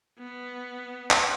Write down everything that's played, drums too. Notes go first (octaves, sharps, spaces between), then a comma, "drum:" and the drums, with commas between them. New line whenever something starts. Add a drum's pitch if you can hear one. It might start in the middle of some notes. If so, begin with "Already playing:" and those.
B3
drum: clap